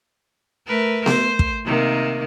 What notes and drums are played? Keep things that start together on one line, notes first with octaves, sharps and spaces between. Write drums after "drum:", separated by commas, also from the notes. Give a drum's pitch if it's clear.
A3 A#4 B4
C5, drum: snare B3
drum: kick
C3 D#3 A#3